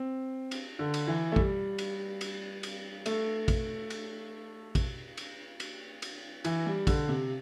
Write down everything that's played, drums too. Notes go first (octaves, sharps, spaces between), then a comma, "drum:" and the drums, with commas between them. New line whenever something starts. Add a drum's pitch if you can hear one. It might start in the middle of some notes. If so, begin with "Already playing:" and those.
Already playing: C4
drum: cymbal
D3
drum: cymbal
E3
A3
G3, drum: kick
drum: cymbal
drum: cymbal
drum: cymbal
A3, drum: cymbal
drum: kick, cymbal
drum: cymbal
drum: kick, cymbal
drum: cymbal
drum: cymbal
drum: cymbal
E3, drum: cymbal
G3
D3, drum: kick, cymbal
C3